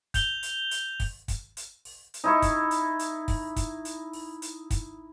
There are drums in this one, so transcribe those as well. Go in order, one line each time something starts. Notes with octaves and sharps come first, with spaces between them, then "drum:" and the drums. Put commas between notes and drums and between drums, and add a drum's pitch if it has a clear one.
G6 F7 G7, drum: kick, hi-hat
drum: hi-hat
drum: hi-hat
drum: kick, open hi-hat
drum: kick, hi-hat
drum: hi-hat
drum: open hi-hat
drum: hi-hat
D#4 E4 C#6
drum: kick, hi-hat
drum: hi-hat
drum: hi-hat
drum: kick, open hi-hat
drum: kick, hi-hat
drum: hi-hat
drum: open hi-hat
drum: hi-hat
drum: kick, hi-hat